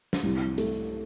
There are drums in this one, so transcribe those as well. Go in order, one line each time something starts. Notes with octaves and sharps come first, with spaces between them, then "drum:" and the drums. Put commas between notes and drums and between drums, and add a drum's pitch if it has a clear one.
drum: snare
C2
A3, drum: hi-hat